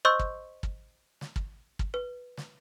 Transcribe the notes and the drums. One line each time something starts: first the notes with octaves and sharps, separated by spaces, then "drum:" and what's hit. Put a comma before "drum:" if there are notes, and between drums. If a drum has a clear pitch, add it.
C5 D#5 C6 C#6 E6 G6
drum: kick
drum: kick
drum: snare
drum: kick
drum: kick
B4
drum: snare